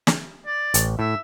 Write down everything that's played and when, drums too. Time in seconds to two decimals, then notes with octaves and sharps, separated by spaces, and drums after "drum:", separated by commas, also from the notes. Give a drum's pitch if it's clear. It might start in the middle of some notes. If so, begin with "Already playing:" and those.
0.07 drum: snare
0.46 D5
0.74 A1, drum: hi-hat
0.99 A2 E5